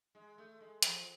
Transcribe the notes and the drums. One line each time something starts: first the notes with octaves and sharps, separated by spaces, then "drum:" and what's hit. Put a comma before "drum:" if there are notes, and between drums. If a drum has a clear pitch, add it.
G#3
A3
G#3
F3, drum: hi-hat